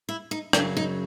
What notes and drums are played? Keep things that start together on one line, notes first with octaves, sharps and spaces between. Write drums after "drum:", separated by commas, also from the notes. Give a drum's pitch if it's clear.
E4
D#4
F#2 C#3 F#3 D4, drum: rim click
D#4